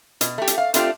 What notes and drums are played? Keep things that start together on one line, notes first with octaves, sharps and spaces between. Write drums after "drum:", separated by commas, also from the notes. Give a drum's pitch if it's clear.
B2, drum: hi-hat
A3 G4
drum: hi-hat
F5
A3 C4 D4 F4 G4, drum: hi-hat